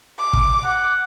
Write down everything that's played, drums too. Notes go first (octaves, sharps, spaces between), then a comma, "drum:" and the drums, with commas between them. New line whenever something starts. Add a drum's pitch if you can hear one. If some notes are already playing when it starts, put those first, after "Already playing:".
D6
drum: kick
F#5